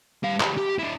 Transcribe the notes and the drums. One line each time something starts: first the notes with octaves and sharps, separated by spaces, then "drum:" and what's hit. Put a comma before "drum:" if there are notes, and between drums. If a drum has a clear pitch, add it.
G3 F5
G#3 G4, drum: clap
G4
D4 E4